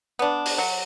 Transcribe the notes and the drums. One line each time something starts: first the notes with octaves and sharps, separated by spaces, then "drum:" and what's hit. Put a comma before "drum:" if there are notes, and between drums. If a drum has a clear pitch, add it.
B3 D4
drum: open hi-hat
F#3